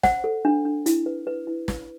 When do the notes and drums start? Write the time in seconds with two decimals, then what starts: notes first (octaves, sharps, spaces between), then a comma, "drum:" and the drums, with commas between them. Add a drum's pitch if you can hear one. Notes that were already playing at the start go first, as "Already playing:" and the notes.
0.03 C5 F#5, drum: snare
0.24 A4
0.45 D4
0.65 D4
0.86 E4, drum: hi-hat
1.06 B4
1.27 B4
1.47 E4
1.68 B4, drum: snare